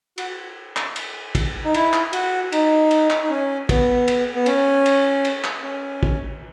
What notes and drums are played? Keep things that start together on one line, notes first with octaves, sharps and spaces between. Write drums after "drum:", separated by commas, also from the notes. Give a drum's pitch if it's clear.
F#4, drum: cymbal
drum: clap
drum: cymbal
drum: kick, cymbal
D#4
E4, drum: cymbal
drum: clap
F#4, drum: cymbal
D#4, drum: cymbal
drum: cymbal
drum: clap
D#4
C#4
B3, drum: kick, cymbal
drum: cymbal
B3
C#4, drum: cymbal
drum: cymbal
drum: cymbal
drum: clap
C#4
drum: kick